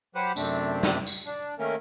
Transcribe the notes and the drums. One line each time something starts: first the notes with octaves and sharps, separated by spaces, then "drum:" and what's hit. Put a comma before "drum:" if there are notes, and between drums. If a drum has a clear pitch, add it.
F#3 G4 B4 C5 F#5
F#2 C3 A3 C4 D4, drum: tambourine
drum: snare
drum: tambourine
D4
D#3 A3 A#3 C#4 A#4